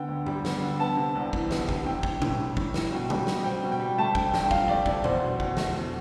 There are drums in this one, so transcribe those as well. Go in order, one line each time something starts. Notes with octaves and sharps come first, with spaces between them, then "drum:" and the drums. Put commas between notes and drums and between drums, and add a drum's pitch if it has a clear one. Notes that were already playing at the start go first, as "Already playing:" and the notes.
Already playing: D3 B3 G5
D2
G3, drum: tom G2
B3, drum: snare
D3
B3 A5
C3
C2
E3, drum: kick
B3, drum: snare
C3, drum: kick
A2 G5
E3, drum: kick
A2, drum: tom A#2
G3
A2, drum: kick
E3, drum: snare
B2 G5
G3, drum: tom
B2, drum: snare
C4 G5
B2
G5
G3
A3 A5
C3 G5, drum: kick
C2 G5, drum: snare
F3 F5, drum: kick
A3 D5
C3 D5, drum: kick
E2 C5, drum: tom A#2
B2
E2, drum: kick
A3, drum: snare
E2